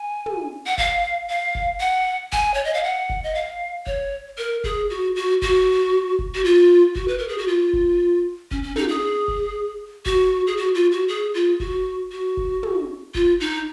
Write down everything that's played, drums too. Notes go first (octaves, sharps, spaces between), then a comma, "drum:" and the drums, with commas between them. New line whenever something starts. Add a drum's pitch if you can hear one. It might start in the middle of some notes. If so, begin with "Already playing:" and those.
Already playing: G#5
drum: tom
F#5
F5, drum: kick F1
F5
drum: kick F1
F#5
G#5, drum: kick F1
C#5
D#5
F5
F#5
drum: kick F1
D#5
F5
C#5, drum: kick F1
A#4
G#4, drum: kick F1
F#4
F#4
F#4, drum: kick F1
drum: kick F1
F#4
F4
F#4, drum: kick F1
B4
A#4
G#4
F#4
F4
drum: kick F1
C#4, drum: kick F1
C#4
D#4, drum: tom
G#4
drum: kick F1
F#4, drum: kick F1
G#4
F#4
F4
F#4
G#4
F4
F#4, drum: kick F1
F#4
drum: kick F1
drum: tom
F4, drum: kick F1
D#4